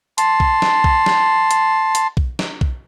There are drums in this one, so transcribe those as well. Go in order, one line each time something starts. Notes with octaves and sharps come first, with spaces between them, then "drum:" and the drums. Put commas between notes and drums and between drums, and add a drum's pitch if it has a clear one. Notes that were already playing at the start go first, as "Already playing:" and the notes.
A5 C6, drum: hi-hat
drum: kick B1
drum: snare
drum: kick B1
drum: snare
drum: hi-hat
drum: hi-hat
drum: kick B1
drum: snare
drum: kick B1